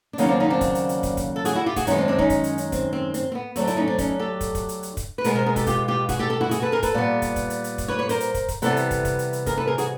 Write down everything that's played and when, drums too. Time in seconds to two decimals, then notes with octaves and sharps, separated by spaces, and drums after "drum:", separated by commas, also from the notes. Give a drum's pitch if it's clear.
0.13 D4
0.18 D#2 C#3 F#3 A#3 C#4 D#4, drum: hi-hat
0.28 C4 D4
0.40 C#4 D#4
0.50 C4 D4
0.61 drum: kick, hi-hat
0.75 drum: hi-hat
0.89 drum: hi-hat
1.03 drum: kick, hi-hat
1.17 drum: kick, hi-hat
1.36 A4
1.45 F#4 G#4, drum: hi-hat
1.55 E4 F#4
1.66 F4 G4
1.76 F#4 G#4, drum: kick, hi-hat
1.87 F#2 D#3 G#3 B3 C#4 D#4, drum: hi-hat
1.98 C4 D4
2.08 C4 D4
2.18 C#4 D#4, drum: kick
2.30 drum: kick, hi-hat
2.44 drum: hi-hat
2.58 drum: hi-hat
2.72 C4, drum: kick, hi-hat
2.93 C4
3.14 C4, drum: hi-hat
3.32 C4
3.35 B3
3.56 D2 D3 F#3 A3 C4, drum: hi-hat
3.67 D4 E4, drum: hi-hat
3.77 C#4 D#4
3.88 C4 D4
3.98 C#4 D#4, drum: kick, hi-hat
4.19 G4 A4
4.41 drum: kick, hi-hat
4.55 drum: kick, hi-hat
4.69 drum: hi-hat
4.83 drum: hi-hat
4.97 drum: kick, hi-hat
5.18 B4
5.24 B2 G#3 B3 G#4 A#4, drum: hi-hat
5.35 A#4 C5
5.46 G#4 A#4
5.56 G4 A4, drum: kick, hi-hat
5.67 F4 G4, drum: kick, hi-hat
5.88 F4 G4
6.09 F#4 G#4, drum: kick, hi-hat
6.19 G4 A4
6.30 G4 A4
6.41 E4 F#4
6.51 F#4 G#4, drum: hi-hat
6.62 A4 B4
6.72 G#4 A#4
6.83 A4 B4, drum: kick, hi-hat
6.94 A#2 G3 B3
7.22 drum: kick, hi-hat
7.36 drum: kick, hi-hat
7.50 drum: hi-hat
7.64 drum: hi-hat
7.78 drum: kick, hi-hat
7.88 B4 C#5
7.99 B4 C#5
8.09 A#4 C5, drum: hi-hat
8.20 drum: hi-hat
8.34 drum: kick, hi-hat
8.48 drum: kick, hi-hat
8.62 C3 E3 G3 B3 A4 B4, drum: hi-hat
8.77 drum: hi-hat
8.91 drum: kick, hi-hat
9.05 drum: kick, hi-hat
9.19 drum: hi-hat
9.33 drum: hi-hat
9.46 G#4 A#4, drum: kick, hi-hat
9.57 A4 B4
9.67 G#4 A#4
9.78 F#4 G#4, drum: hi-hat